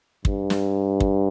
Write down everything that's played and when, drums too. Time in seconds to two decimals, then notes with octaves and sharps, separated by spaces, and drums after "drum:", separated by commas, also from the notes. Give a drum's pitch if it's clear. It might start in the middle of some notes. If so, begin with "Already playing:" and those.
0.25 G2, drum: kick
0.50 drum: snare
1.00 drum: kick